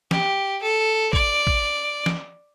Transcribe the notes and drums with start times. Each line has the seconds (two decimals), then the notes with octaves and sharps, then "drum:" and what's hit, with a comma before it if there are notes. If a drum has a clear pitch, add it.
0.11 G4, drum: snare
0.62 A4
1.13 D5, drum: kick
1.47 drum: kick
2.06 drum: snare